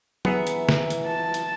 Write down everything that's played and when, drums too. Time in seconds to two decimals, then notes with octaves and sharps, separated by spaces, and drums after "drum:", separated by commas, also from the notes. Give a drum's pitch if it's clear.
0.25 E3 B3 G#4 E5 F#5 A#5, drum: tom F#3
0.47 drum: hi-hat
0.69 drum: snare
0.90 drum: hi-hat
1.06 A5
1.34 drum: hi-hat